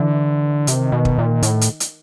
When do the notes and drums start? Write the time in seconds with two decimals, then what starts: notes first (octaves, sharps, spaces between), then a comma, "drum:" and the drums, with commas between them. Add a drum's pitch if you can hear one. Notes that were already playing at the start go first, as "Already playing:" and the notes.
Already playing: D3 E3
0.67 C3 D#3, drum: hi-hat
0.92 B2
1.05 drum: kick
1.18 A#2
1.43 A2, drum: hi-hat
1.61 drum: hi-hat
1.80 drum: hi-hat